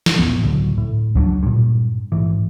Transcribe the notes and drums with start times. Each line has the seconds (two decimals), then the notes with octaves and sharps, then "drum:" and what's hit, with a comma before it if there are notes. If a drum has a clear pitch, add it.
0.06 drum: snare
0.19 D#1 A1 F#2 B3
0.43 C#2 A2 D3 F#3
0.78 A2
1.15 C#3 F#3 C#4 D4, drum: kick C#2
1.43 G2 A#2
2.12 A1 G#2 E3